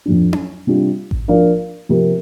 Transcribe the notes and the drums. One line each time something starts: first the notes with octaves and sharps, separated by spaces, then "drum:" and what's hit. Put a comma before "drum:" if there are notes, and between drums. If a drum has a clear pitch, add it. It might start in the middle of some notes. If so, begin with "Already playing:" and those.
F2 F3 D4
drum: tom C#4
C3 G3 D4 F4
drum: kick A1
F3 D4 A#4 D5 F5
C3 F3 C4 G4 A#4